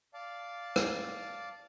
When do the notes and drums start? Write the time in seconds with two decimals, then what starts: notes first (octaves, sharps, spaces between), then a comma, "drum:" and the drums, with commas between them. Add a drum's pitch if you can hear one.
0.14 D5 F5 A5
0.76 drum: rim click